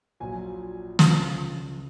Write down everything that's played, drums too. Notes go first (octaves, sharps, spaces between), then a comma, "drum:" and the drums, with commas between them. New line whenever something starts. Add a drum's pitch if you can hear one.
A#1 A#2 F#3 G#5
C#2 C#3 F3, drum: snare